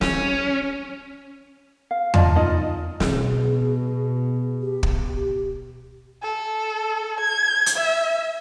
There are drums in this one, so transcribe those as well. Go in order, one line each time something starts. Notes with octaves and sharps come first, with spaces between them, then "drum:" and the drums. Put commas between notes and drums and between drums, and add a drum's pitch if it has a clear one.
C#4, drum: snare
F5
F4 D5 D#5 A5, drum: tom E2
D#4 F4 D#5
B2 G#4, drum: snare
G4
drum: kick
A4
G#6
drum: hi-hat
E5